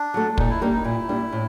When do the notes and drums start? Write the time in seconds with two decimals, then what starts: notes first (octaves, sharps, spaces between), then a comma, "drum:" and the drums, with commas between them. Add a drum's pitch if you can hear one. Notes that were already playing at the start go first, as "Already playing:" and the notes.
Already playing: D4
0.14 F#3 A3
0.38 A#2 D#4, drum: kick
0.50 E4
0.61 G3 A#3 D4 D#4
0.73 D#4
0.85 A#2 E4
1.09 G3 A#3 D4
1.33 A2